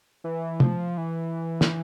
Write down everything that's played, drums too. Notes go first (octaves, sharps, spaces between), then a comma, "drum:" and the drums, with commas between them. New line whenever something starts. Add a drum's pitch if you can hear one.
E3
F3, drum: tom
E3
drum: snare